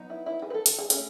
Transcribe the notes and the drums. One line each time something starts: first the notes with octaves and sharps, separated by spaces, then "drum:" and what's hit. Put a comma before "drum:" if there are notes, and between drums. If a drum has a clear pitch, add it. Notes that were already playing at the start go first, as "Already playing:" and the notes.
Already playing: F#3 B3 D#4
E4
E4
G#4
B4
A4
A4, drum: hi-hat
G#4
A3 C#4 G#4, drum: hi-hat